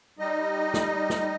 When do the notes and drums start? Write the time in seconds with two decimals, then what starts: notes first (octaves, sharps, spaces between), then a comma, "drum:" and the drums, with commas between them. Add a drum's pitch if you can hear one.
0.19 G3 D#4 D#5
0.74 drum: snare
1.10 drum: snare